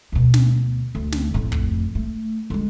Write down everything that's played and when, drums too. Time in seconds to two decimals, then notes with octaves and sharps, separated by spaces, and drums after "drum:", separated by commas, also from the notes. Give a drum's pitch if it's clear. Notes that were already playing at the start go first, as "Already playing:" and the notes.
0.12 D2 B2
0.34 drum: snare
0.95 D2
1.12 drum: snare
1.34 F2 A2
1.52 drum: kick
1.95 A3
2.50 D3 G#3